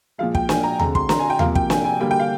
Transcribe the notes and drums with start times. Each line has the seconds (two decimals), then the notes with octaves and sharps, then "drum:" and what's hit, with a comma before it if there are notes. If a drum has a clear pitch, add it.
0.18 A#2 F3 G#3 F5
0.35 G5, drum: kick
0.49 G#5, drum: snare
0.64 A#5
0.80 D3 G#3 C4 A#5, drum: tom D#2
0.95 C6, drum: kick
1.09 A#5, drum: snare
1.19 G#5
1.30 G5
1.39 C3 F3 A#3 F5, drum: tom D#2
1.55 G5, drum: kick
1.70 G#5, drum: snare
1.85 G#5
2.00 D3 G3 A#3 G5
2.11 G5
2.20 F5